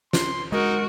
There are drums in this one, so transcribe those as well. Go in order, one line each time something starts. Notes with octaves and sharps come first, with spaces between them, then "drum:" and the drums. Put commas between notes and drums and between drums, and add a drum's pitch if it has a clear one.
C6, drum: snare
G#3 D#4 F#4 A#4